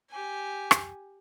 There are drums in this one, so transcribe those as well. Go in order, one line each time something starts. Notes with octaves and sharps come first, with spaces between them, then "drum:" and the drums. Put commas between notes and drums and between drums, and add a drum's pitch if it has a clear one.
G4 G#5
drum: rim click